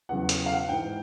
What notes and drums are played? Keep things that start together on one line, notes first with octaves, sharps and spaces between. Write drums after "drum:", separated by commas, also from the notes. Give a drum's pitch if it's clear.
E2 C#3 F#3 F#5
drum: hi-hat
F5
F#5
G#2 E3 G5